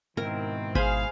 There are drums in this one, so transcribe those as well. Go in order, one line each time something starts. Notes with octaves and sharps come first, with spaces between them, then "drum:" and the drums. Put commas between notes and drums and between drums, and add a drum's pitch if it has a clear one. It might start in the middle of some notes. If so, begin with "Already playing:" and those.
G#2 B2 D#3 C4 E4 A#4
G#4 C5 F5 G#5 B5, drum: kick G#1